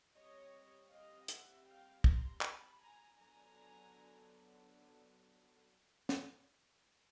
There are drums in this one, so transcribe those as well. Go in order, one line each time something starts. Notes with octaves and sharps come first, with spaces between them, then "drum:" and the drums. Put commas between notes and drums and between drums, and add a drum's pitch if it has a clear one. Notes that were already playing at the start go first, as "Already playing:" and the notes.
G3 C4 C#5 D#5
D#5 F5
E5 F#5, drum: hi-hat
F5 G5
A#5 C6, drum: kick
A5 B5, drum: clap
G#5 A#5
D3 F#3 B3 D4 G#5 A#5
drum: snare